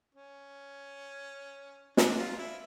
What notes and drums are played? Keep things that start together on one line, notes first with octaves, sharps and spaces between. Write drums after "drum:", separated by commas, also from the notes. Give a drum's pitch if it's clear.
C#4
D4, drum: snare
F4
E4